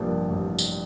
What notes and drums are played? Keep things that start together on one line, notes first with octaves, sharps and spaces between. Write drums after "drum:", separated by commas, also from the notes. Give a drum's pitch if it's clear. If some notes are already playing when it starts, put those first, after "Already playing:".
Already playing: A1 G2 F3 A#3
A1
drum: tambourine